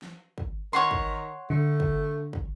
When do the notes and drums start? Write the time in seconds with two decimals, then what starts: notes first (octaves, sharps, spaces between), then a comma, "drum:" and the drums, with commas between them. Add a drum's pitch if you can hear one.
0.02 drum: snare
0.38 drum: kick
0.73 D#3 C#5 F#5 C6
0.91 drum: kick
1.50 D3 A3
1.80 drum: kick
2.33 drum: kick